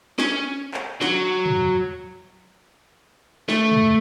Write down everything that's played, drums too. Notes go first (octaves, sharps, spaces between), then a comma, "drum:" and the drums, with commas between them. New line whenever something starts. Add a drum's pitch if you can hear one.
C#4, drum: snare
drum: clap
F#3, drum: snare
drum: tom
A3, drum: snare
drum: tom